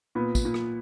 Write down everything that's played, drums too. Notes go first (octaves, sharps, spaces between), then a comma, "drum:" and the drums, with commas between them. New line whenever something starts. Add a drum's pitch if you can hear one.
A#2 B3
drum: kick, tambourine
A#2
drum: rim click